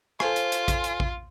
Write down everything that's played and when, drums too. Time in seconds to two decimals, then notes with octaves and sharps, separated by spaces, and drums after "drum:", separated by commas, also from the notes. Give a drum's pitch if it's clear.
0.20 F4 A4 C5 G#5, drum: rim click
0.36 drum: hi-hat
0.52 drum: hi-hat
0.68 drum: kick A#1, hi-hat
0.84 drum: hi-hat
1.00 drum: kick A#1